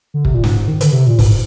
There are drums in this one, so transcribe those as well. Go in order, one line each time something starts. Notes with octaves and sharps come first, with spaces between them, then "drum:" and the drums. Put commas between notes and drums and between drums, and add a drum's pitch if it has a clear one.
D3
C3, drum: kick
A#2
G#2, drum: snare
D#3
D3, drum: hi-hat
C3
A#2
G#2, drum: kick, open hi-hat